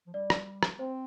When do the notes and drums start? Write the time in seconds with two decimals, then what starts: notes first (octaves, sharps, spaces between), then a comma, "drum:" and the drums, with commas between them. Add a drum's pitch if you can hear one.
0.07 F3
0.14 G3 D5
0.30 drum: rim click
0.63 drum: rim click
0.79 C4 C5